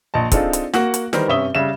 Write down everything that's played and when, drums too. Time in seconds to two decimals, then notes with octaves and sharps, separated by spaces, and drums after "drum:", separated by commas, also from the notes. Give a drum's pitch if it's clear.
0.14 A#1 D#5 A5
0.32 C4 D4 D#4 F4 G#4 A4, drum: kick, hi-hat
0.53 drum: hi-hat
0.74 A#3 F#4 F#5, drum: snare
0.94 drum: hi-hat
1.13 D#3 E3 G3 A#4 C5, drum: snare
1.28 G2 C3 C#4 E5 D#6 G7
1.55 C#3 G3 E5 E7